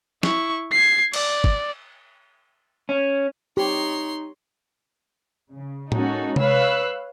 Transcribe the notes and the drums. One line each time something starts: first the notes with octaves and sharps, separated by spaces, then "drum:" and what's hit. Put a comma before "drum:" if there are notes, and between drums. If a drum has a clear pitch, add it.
E4 C#6, drum: snare
G#6 C7
D5, drum: cymbal
drum: kick
C#4
D#4 G4 C#5 C6
C#3
G#3 A#3 C#4 D#4 F#4 A4, drum: tom A2
B4 C#5 F5 E6 F#6, drum: tom C3